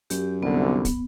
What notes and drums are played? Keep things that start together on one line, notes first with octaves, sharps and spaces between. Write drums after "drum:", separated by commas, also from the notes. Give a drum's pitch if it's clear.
F#2 G4, drum: hi-hat
C2 D3 B3
drum: kick, hi-hat